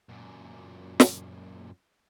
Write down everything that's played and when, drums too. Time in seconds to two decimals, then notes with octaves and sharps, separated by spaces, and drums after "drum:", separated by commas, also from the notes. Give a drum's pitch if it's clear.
0.09 F#2 A#2
1.00 drum: snare